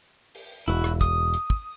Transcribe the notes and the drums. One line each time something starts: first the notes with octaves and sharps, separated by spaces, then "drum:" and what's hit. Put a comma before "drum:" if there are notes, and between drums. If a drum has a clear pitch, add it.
drum: open hi-hat
E1 E4 F#4, drum: hi-hat
drum: rim click
D#6, drum: kick, hi-hat
drum: hi-hat
drum: kick